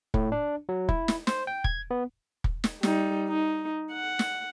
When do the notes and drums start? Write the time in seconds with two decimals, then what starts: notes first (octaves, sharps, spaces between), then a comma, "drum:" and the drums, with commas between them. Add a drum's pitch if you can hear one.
0.14 A2, drum: kick
0.32 D4
0.69 F#3
0.89 E4, drum: kick
1.08 drum: snare
1.27 C5, drum: snare
1.47 G5
1.64 G#6, drum: kick
1.91 B3
2.44 drum: kick
2.64 drum: snare
2.83 G3 D#4, drum: snare
3.28 D#4
3.93 F#5
4.19 drum: snare